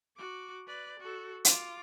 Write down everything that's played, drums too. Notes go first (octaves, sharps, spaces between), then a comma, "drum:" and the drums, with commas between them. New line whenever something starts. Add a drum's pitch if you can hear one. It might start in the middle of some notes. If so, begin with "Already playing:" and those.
F#4 D6
B4 D5
F#4 A4
F4 D6, drum: hi-hat